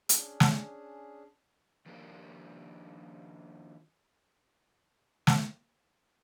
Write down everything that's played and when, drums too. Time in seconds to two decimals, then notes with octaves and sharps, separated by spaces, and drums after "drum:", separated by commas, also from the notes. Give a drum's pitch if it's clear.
0.09 C#4 D4 G#4, drum: hi-hat
0.40 drum: snare
1.86 D#3 F3 A#3 D4 G4 A#4
5.27 A#3, drum: snare